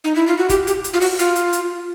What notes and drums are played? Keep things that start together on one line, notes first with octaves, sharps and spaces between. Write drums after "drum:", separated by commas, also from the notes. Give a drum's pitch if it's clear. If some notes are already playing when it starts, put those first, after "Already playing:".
D#4
E4
F4
F#4
G4, drum: kick, hi-hat
G4, drum: hi-hat
drum: hi-hat
F4
F#4, drum: open hi-hat
F4, drum: hi-hat
drum: hi-hat
drum: hi-hat